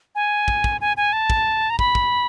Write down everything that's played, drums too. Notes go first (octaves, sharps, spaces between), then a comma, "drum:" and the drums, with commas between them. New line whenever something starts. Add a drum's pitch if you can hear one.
G#5
drum: kick
drum: kick
G#5
G#5
A5
drum: kick
A#5
B5, drum: kick
drum: kick